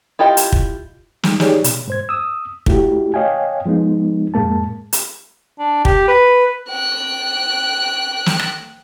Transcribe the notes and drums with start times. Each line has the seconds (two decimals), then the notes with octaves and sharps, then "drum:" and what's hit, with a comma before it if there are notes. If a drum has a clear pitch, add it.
0.19 E4 F4 G4 D#5
0.37 drum: hi-hat
0.52 drum: kick
1.23 G3 G#3 D#4, drum: snare
1.40 D#4 G4 G#4 C#5 D5, drum: snare
1.64 B2, drum: hi-hat
1.88 G#2 C5 G#6
2.09 D#6 E6
2.66 A3 E4 F#4 G4, drum: kick
3.14 C#5 D#5 F5 G5 G#5
3.66 F3 G#3 B3 D#4
4.34 F2 A2 G#3 A#3 A5
4.93 drum: hi-hat
5.59 D4
5.85 G4, drum: kick
6.08 B4
6.69 G5 F#6
8.26 drum: snare
8.39 drum: rim click